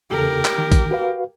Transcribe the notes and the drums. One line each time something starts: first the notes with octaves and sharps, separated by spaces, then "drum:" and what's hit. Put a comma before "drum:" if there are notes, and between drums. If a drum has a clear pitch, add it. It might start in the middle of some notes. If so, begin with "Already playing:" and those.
E2 C#3 G4 A4 A#4
drum: clap
D#3
drum: kick A#1, hi-hat
F#4 B4 F5